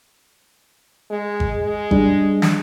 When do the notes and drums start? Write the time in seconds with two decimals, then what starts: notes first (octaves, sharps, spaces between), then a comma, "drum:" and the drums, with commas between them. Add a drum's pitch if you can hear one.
1.10 G#3
1.40 drum: kick G#1
1.60 G#3
1.91 G3 D4, drum: kick G#1
2.42 drum: snare